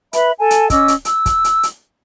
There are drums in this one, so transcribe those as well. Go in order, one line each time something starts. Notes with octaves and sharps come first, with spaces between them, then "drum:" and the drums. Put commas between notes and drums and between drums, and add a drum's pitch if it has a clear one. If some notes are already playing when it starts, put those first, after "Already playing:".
B4 E5 B5, drum: hi-hat
A4 G#5 A5
drum: hi-hat
C#4 D#5 D6 E6, drum: kick, hi-hat
drum: hi-hat
E6, drum: hi-hat
drum: kick, hi-hat
drum: hi-hat
drum: hi-hat